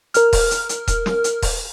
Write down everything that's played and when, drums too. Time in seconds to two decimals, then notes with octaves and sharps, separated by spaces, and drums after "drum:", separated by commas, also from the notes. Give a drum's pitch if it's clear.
0.14 A#4 F6, drum: hi-hat
0.33 drum: kick D#1, open hi-hat
0.51 drum: hi-hat
0.69 drum: hi-hat
0.87 drum: kick D#1, hi-hat
1.06 drum: snare
1.24 drum: hi-hat
1.42 drum: kick D#1, open hi-hat